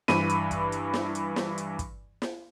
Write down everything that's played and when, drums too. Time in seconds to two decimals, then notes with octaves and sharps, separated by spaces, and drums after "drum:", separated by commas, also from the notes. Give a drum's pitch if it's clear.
0.08 G2 E3 B5 D#7, drum: snare
0.29 drum: hi-hat
0.51 drum: kick, hi-hat
0.72 drum: hi-hat
0.94 drum: snare
1.15 drum: hi-hat
1.36 drum: snare
1.58 drum: hi-hat
1.79 drum: kick, hi-hat
2.22 drum: snare